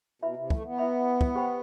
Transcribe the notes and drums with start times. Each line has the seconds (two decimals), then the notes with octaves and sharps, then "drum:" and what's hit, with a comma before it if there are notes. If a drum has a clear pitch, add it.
0.22 B2 E4 B4 E5 B5
0.37 C3
0.50 A3, drum: kick
0.65 B3
0.78 E4 B4 E5 B5
1.21 drum: kick
1.35 G4 C5 G5 B5